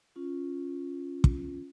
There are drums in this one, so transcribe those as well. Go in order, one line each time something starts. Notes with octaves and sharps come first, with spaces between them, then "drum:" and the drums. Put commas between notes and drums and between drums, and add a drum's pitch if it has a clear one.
C#4 F4
drum: kick